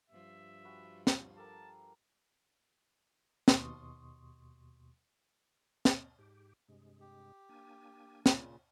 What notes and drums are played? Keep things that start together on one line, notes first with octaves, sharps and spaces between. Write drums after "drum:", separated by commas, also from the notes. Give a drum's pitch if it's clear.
G2 F3 E5
F#4 B4 G#5
drum: snare
G4 A4 A#4 A5
D#2 B2 C6 C#6 D#6, drum: snare
drum: snare
G#2 G4
G2 C3 G#3
G4
A#3 D4 G#5
A#2 C#3, drum: snare